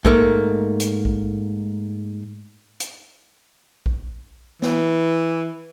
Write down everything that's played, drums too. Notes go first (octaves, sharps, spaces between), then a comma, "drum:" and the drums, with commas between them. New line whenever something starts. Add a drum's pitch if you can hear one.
G#2 A3 A#3, drum: kick A#1
drum: hi-hat
drum: kick A#1
drum: hi-hat
drum: kick A#1
E3, drum: snare